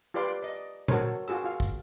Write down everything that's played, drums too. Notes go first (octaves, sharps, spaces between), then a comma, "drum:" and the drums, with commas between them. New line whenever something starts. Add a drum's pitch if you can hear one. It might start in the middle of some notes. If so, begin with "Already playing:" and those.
F4 G4 B4 D5 C6 D6
D5 D#5
F#4 A4 A#4 C5 C#5, drum: tom A#2
F4 F#4 G#4 E6
F4 F5
drum: kick